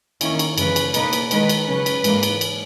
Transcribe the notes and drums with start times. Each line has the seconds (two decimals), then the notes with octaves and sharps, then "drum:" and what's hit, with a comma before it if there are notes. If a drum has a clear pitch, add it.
0.21 D#3 A#3 C#4 E4, drum: cymbal
0.39 drum: cymbal
0.58 F#2 C#3 E3 G#3 C#4 B4, drum: cymbal
0.76 drum: cymbal
0.94 B2 A#3 D#4 B4, drum: cymbal
1.13 drum: cymbal
1.31 D#3 G#3 D#4 B4, drum: cymbal
1.49 drum: cymbal
1.67 C#3 F#3 C#4 B4
1.86 drum: cymbal
2.04 G#2 E3 A#3, drum: cymbal
2.23 drum: cymbal
2.41 drum: cymbal